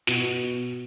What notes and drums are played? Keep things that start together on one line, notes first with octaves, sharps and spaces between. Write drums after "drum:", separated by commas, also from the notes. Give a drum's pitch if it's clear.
B2, drum: snare